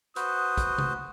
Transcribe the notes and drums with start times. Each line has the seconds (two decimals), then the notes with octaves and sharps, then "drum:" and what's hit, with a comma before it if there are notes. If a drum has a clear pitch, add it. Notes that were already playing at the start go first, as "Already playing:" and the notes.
0.16 F#4 B4 C5 D#6, drum: hi-hat
0.58 drum: kick, hi-hat
0.78 drum: tom